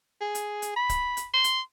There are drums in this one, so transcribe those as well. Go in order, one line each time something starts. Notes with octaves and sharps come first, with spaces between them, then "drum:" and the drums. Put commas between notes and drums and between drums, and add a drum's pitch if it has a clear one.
G#4
drum: hi-hat
drum: hi-hat
B5
drum: kick C#1, hi-hat
drum: hi-hat
C6
drum: hi-hat